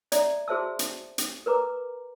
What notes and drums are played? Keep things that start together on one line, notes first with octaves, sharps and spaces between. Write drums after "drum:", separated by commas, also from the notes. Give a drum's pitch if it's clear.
D5 E5 A#5, drum: hi-hat
F#4 G#4 C5 E5 A5 E6
drum: hi-hat
drum: hi-hat
A#4 B4 A#5 D6